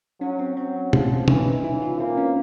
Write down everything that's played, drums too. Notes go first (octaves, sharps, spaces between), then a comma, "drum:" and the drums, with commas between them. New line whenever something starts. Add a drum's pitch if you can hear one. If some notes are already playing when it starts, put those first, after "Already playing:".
F#3 C#4
C4
F#3 C4
F3, drum: tom B2
E3 C#4, drum: tom
D#4
E3 E4
F4
A#3 C4
C#4